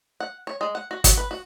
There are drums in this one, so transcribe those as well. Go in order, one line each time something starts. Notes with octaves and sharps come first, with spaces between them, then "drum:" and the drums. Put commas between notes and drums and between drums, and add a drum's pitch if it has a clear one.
F#5
C#5
G#3
F#5
F#4
F#4, drum: kick, hi-hat
B4
F#4